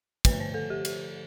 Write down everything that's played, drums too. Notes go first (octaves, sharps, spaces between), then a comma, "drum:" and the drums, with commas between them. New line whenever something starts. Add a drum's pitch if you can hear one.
D3 F3 A3 B4, drum: kick, cymbal
C5
A4
G4
G4, drum: cymbal